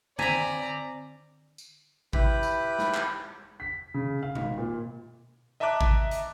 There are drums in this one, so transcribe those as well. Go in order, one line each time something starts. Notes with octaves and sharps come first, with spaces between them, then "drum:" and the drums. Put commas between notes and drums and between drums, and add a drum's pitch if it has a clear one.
C4 D5 G#5 A#5 B5 B6, drum: tom D3
drum: tambourine
E4 G4 B4 B5, drum: kick G#1
drum: tambourine
drum: snare
drum: clap
B6
C#3
F5
G#1, drum: tom B2
A#2
D#5 E5 A5 A#5 D6 F#6
drum: kick G#1
drum: hi-hat